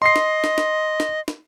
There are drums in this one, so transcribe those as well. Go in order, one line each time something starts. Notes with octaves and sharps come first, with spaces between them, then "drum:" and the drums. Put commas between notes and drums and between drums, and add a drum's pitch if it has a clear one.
D#5 C6 C7
drum: snare
drum: snare
drum: snare
drum: snare
drum: snare